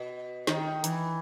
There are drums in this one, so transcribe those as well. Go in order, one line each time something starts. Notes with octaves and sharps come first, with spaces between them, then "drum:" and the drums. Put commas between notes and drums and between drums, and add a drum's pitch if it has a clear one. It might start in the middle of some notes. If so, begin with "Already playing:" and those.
Already playing: B2
D#3, drum: snare
E3, drum: hi-hat